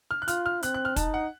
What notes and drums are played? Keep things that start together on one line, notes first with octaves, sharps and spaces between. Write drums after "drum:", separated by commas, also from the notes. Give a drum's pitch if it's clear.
F6
F#6
F4 F6, drum: hi-hat
F6
C4 F#6, drum: hi-hat
F#6
F6
D#4 A5, drum: kick, hi-hat
F#5